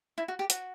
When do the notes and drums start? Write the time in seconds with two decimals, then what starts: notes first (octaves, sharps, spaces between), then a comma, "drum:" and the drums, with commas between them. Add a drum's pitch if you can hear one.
0.18 E4
0.28 F#4
0.39 G4
0.50 F#4, drum: hi-hat